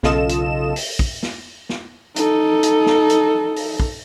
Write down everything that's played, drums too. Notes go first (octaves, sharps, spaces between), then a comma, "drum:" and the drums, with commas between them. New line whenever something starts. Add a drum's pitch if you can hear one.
B1 C#3 F4 A4 D#5 E7, drum: snare
drum: hi-hat
drum: open hi-hat
drum: kick
drum: snare
drum: snare
D#4 A4, drum: hi-hat
drum: hi-hat
drum: snare
drum: hi-hat
drum: open hi-hat
drum: kick